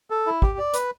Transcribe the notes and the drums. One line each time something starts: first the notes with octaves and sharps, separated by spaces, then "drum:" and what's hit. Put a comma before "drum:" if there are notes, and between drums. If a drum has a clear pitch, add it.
A4
E4
G4, drum: kick
D5
B4, drum: hi-hat